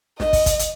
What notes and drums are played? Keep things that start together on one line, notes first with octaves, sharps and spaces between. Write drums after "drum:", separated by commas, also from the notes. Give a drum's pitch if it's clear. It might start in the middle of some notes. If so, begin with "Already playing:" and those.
D#5, drum: snare
drum: kick, open hi-hat
drum: kick, hi-hat
drum: hi-hat